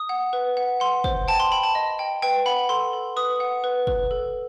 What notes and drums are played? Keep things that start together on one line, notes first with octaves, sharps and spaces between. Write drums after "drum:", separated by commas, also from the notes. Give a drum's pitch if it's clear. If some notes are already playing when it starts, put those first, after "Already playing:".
Already playing: D#6
F#5
B4
F#5
F#5 C6
C5, drum: kick
G5 A5
C6
G5 B5
A5
D#5
G5
B4 G5
F#5 B5
A4 C6
A4
B4 D#6
F#5
B4
B4, drum: kick
A4